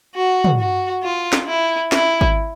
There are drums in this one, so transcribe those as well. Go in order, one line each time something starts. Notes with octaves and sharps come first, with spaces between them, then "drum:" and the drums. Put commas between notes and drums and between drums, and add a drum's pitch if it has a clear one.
F#4
drum: tom
F#4
F4
drum: snare
E4
E4, drum: snare
drum: kick G#1